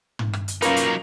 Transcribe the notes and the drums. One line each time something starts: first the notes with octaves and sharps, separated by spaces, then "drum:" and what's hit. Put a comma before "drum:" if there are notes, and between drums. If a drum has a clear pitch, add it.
drum: tom
drum: rim click
drum: hi-hat
F#3 A#3 C#4 D#4 F4 B4 C#6 D6, drum: hi-hat
drum: hi-hat